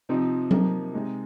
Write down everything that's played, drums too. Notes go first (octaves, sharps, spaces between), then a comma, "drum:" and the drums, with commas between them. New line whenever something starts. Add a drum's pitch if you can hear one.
C3 F3 C4 D#4
C3 F3 A#3 D#4, drum: tom F#3
C3 G#3 D#4